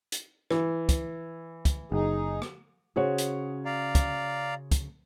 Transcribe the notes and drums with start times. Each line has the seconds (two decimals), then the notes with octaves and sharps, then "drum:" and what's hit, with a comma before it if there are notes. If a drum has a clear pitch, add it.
0.12 drum: hi-hat
0.50 E3, drum: rim click
0.89 drum: kick, hi-hat
1.65 drum: kick, hi-hat
1.92 F#1 D#4 G#4
2.42 drum: rim click
2.96 C#3 F#4 G#4 C5 C#5
3.18 drum: hi-hat
3.65 D5 F5 A#5
3.95 drum: kick, hi-hat
4.71 drum: kick, hi-hat